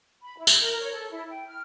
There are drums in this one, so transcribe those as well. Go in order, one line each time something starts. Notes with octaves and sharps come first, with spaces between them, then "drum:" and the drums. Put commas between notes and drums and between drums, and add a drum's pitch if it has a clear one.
B5
E4
drum: tambourine
A#4
C#5
A4
E4
G5
F6